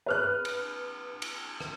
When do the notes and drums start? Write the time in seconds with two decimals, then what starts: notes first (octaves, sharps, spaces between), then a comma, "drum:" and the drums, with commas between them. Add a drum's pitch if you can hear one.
0.06 B4 F6 F#6
0.45 drum: cymbal
1.22 drum: cymbal
1.60 drum: rim click